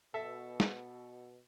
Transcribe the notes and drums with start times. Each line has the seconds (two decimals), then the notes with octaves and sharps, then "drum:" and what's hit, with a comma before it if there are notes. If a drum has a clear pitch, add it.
0.14 B2 A4 E5
0.60 drum: snare